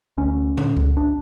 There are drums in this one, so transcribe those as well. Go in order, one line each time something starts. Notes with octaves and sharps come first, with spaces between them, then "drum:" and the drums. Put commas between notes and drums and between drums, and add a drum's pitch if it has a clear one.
D2 C#4
D3, drum: tom A2
drum: kick C#2
G#1 D4